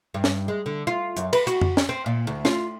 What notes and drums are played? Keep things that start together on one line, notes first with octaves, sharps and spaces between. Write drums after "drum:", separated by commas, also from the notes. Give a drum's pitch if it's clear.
G2
drum: snare
G#3
D3
F4
F#2, drum: hi-hat
B4, drum: cymbal
F#4, drum: hi-hat
drum: tom F2
drum: snare
C4
A#2
D2
F4, drum: snare